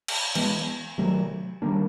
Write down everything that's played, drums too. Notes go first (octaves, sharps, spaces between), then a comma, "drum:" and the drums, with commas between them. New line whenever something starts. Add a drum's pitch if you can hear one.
drum: cymbal
E3 G#3 B3, drum: cymbal
C3 D#3 F#3 A3
D#3 G3 A#3 D4